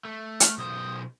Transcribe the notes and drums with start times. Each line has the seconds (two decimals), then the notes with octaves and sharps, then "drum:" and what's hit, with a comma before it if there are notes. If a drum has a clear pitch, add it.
0.05 A3
0.40 F6, drum: hi-hat
0.58 B1 C5 D#6